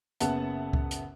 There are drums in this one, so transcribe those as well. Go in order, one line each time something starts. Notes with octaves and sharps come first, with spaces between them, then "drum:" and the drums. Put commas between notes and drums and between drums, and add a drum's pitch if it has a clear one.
F#1 C#3 B3 E5 F#5 A5, drum: hi-hat
drum: kick C#2
drum: hi-hat